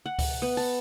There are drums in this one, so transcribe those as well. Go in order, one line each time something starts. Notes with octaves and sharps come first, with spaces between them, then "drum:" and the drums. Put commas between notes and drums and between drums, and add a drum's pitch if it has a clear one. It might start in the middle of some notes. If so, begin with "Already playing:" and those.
F#5
drum: kick C#2, open hi-hat
B3
A5, drum: open hi-hat